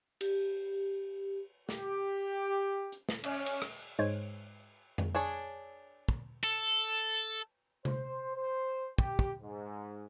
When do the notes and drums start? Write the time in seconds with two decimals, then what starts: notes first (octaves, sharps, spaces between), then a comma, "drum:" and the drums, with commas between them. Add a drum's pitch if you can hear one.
0.21 G4, drum: cymbal
1.69 G4, drum: snare
2.92 drum: hi-hat
3.09 drum: snare
3.24 C#4, drum: cymbal
3.46 drum: cymbal
3.62 drum: rim click
3.99 G#2 G#3 C5 C#5 G#6
4.98 drum: tom F2
5.15 D4 G#4 C#5
6.09 drum: kick
6.44 A4
7.85 C5, drum: tom C3
8.35 C5
8.98 G4, drum: kick
9.19 drum: kick
9.41 G#2